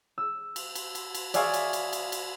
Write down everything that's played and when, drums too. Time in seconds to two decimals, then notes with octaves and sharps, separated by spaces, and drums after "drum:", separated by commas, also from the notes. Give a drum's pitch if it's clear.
0.18 E6
0.56 drum: cymbal
0.75 drum: cymbal
0.95 drum: cymbal
1.15 drum: cymbal
1.34 D5 E5 F5 G#5 C#6 D#6, drum: cymbal
1.54 drum: cymbal
1.73 drum: cymbal
1.93 drum: cymbal
2.12 drum: cymbal